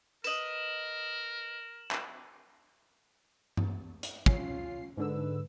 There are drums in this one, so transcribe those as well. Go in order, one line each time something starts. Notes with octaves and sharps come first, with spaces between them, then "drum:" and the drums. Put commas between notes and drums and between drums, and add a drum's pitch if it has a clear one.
A#4 B4 D#5 E7 F#7, drum: tambourine
drum: clap
drum: tom G2
drum: hi-hat
C#4 F4 C7, drum: kick
G#2 D3 B4 E6